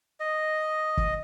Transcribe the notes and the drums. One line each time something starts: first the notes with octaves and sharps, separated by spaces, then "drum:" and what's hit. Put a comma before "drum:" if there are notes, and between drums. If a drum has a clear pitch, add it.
D#5
drum: kick